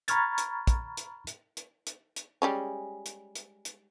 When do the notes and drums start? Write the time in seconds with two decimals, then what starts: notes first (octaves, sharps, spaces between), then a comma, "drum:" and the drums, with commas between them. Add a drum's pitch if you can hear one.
0.08 A#5 B5 C#6 F6 G#6 A6, drum: hi-hat
0.38 drum: hi-hat
0.67 drum: kick, hi-hat
0.97 drum: hi-hat
1.27 drum: hi-hat
1.57 drum: hi-hat
1.86 drum: hi-hat
2.16 drum: hi-hat
2.42 G3 G#3 C#4
3.05 drum: hi-hat
3.35 drum: hi-hat
3.65 drum: hi-hat